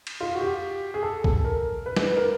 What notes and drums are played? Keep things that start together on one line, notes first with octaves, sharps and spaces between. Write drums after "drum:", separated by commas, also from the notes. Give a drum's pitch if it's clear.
drum: cymbal
F4
F#4
G4
G#4
A4
A4, drum: kick
A#4
B4
B4, drum: snare
A#4